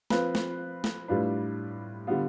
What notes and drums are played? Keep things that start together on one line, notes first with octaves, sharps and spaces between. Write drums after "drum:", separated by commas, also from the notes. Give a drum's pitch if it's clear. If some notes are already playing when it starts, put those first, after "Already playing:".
F3 C4 F4 B4, drum: snare
drum: snare
drum: snare
A2 G3 D4 F4 B4
D3 G3 B3 F4